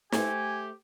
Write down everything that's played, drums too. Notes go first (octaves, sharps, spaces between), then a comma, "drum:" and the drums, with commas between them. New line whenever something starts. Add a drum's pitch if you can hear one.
A3 G4 C5 G#5, drum: snare